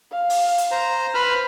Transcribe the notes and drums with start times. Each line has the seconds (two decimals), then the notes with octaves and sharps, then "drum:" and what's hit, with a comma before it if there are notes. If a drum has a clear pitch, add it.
0.11 F5
0.30 drum: open hi-hat
0.58 drum: hi-hat
0.71 C5 A#5
1.15 B4 C5 B5 F6